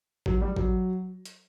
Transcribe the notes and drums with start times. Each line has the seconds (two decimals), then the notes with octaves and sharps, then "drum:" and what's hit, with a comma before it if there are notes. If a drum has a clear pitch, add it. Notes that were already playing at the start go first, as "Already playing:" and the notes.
0.26 F#3, drum: kick A1
0.41 G3
0.56 F#3, drum: kick A1
1.25 drum: hi-hat